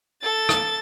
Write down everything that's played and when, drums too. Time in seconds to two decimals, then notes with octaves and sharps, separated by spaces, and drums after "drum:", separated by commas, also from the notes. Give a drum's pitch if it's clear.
0.23 A4 A6
0.49 drum: rim click